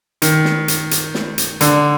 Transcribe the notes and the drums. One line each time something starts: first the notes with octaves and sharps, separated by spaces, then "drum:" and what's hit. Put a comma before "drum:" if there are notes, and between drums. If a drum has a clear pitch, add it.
D#3, drum: hi-hat
drum: snare
drum: hi-hat
drum: hi-hat
drum: snare
drum: hi-hat
D3, drum: hi-hat